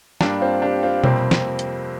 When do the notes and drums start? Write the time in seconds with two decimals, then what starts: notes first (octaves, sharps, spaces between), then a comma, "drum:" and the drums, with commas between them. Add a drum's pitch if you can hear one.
0.21 G2 G3 A#3 D4, drum: snare
0.41 C4 F4
0.62 D4 G4
0.83 C4 F4
1.04 F2 C3 G3 A#3 C4, drum: tom B2
1.31 drum: snare
1.59 drum: hi-hat